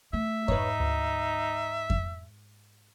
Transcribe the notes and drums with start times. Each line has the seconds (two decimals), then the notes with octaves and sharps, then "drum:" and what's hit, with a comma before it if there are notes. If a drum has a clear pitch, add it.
0.13 A3 E5
0.48 G#2 D#4 B4 C#5, drum: kick F2
0.80 D2
1.90 drum: kick F2